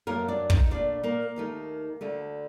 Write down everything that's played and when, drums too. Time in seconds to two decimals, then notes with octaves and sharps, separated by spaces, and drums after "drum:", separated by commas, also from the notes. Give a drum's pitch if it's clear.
0.07 F#2 F#3 A3 A#3 A#4
0.28 D4 D5
0.50 D#4 D#5, drum: kick
0.71 A#2 A3 D4 D5
1.03 A#3 A#4
1.36 D#2 D#3 A3
2.01 D2 D3 A3